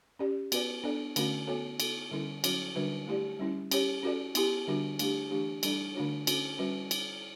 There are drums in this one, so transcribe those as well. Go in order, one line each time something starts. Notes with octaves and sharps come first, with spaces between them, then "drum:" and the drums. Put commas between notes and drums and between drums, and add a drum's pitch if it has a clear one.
C#4 G4 D5
B3 F#4 B4 D5, drum: cymbal
B3 D4 A4 D5
D3 A3 C#4 F#4, drum: cymbal
B3 F#4 A4 C#5
B3 F#4 A4, drum: cymbal
D3 G3 C#4 E4 A4
F#3 C#4 F#4 C#5, drum: cymbal
D3 G3 D4 F#4 B4
A3 E4 G4 D5
G3 C#4 E4
C#4 G4 C#5, drum: cymbal
C#4 F#4 A4 D5
B3 E4 G4, drum: cymbal
D3 G3 D4 F#4
A3 D4 G4, drum: cymbal
E3 A3 D4 G4
G3 D4 A4 D5, drum: cymbal
D3 A3 D4 F#4 C#5
C#4 F#4 A4, drum: cymbal
G3 C#4 F#4 B4
drum: cymbal